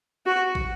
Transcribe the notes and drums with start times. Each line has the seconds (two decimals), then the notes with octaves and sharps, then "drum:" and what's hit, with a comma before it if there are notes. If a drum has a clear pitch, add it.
0.26 F#4
0.55 drum: kick